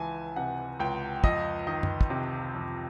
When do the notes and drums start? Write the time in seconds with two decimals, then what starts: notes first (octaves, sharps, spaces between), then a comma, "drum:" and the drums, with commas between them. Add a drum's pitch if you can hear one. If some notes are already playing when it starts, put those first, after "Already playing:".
Already playing: C#2 E3 G#5 A5
0.36 C3 F#5
0.79 C#2 G5
1.24 F2 D#5, drum: kick
1.67 D#3 D#5
1.83 drum: tom F#2
2.01 drum: kick
2.10 C3
2.55 F2